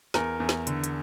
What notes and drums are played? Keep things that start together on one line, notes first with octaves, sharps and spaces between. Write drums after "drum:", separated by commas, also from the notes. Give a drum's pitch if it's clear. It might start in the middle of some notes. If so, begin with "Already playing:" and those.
E2 A#4, drum: snare
E2
drum: snare
D3, drum: hi-hat
drum: hi-hat